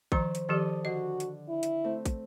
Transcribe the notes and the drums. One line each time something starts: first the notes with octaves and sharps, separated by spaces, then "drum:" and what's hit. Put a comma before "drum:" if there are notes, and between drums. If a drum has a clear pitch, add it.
D#3 F3 C5 A#5 C#6, drum: kick
drum: hi-hat
D#3 F3 G4 A4 D5 D#5
D3 F#4 D#5
drum: hi-hat
E4
drum: hi-hat
A3 C4
drum: kick, hi-hat